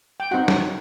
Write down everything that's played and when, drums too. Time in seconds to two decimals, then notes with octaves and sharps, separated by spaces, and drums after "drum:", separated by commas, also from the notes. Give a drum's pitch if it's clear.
0.20 G5
0.31 C4 D#4 F#4 F#5
0.48 drum: snare